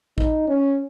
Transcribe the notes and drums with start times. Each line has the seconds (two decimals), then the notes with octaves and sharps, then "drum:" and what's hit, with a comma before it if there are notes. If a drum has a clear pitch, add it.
0.18 D#4, drum: kick
0.48 C#4